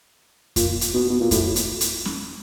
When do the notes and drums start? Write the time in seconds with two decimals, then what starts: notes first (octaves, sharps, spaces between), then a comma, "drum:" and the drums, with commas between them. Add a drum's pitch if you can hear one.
0.56 A#2, drum: kick F2, hi-hat
0.81 drum: hi-hat
0.94 B2
1.10 B2
1.20 A#2
1.31 A2, drum: kick F2, hi-hat
1.56 drum: hi-hat
1.81 drum: hi-hat
2.05 drum: snare C#4